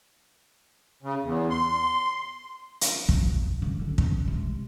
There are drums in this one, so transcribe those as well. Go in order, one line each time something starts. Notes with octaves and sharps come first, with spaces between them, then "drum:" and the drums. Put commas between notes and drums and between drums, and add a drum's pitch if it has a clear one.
C#3
E2
C6
drum: hi-hat
B1 A#3, drum: kick
F2
F2 C#3
D3 C#4
drum: kick
C3 G#3